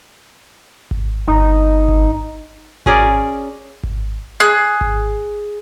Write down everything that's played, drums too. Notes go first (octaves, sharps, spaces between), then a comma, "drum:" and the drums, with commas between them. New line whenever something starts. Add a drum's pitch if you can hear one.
drum: kick G#1
G1 D#4
drum: kick G#1
C#4 G#4 A#4 D5, drum: kick G#1
drum: kick G#1
G#4 F#6
drum: kick G#1